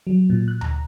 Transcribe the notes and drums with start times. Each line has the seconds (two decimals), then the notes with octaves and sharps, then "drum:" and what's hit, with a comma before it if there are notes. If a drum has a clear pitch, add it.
0.07 F#3
0.30 A#2
0.48 F#6
0.61 A#5, drum: tom D2